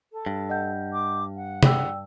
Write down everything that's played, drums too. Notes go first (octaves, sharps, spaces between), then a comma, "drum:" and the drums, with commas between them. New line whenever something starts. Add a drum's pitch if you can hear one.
A4
G2
D#5 F#5 G6
D6
F#5
D5 G5 E6, drum: tom C3